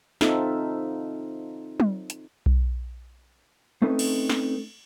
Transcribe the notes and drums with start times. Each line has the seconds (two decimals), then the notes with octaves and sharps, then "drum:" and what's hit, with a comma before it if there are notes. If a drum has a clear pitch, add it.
0.21 C4 D#4 F4 A4 E5, drum: snare
1.80 drum: tom
2.10 drum: hi-hat
2.46 drum: kick B1
3.82 A3 C4 C#4 D#4 A4 B4
3.99 drum: cymbal
4.30 drum: snare